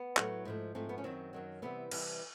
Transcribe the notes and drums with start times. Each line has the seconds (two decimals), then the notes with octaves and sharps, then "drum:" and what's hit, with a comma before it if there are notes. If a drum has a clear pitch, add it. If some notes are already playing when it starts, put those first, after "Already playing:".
Already playing: B3
0.17 A2 F#3 A3, drum: clap
0.45 G#2 F3 A3
0.75 G#2 F3 A3 C4
0.89 B3
0.98 C#4
1.04 F#2 D#3 F#3 C4
1.33 F#2 D#3 F#3
1.62 C3 E3 G3 B3
1.91 C3 E3 G3, drum: cymbal